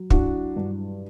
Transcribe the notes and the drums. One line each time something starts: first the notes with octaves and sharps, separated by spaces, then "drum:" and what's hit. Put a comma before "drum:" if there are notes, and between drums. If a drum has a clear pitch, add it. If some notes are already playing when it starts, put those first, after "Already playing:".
Already playing: F#3
D4 E4 F#4, drum: kick
G2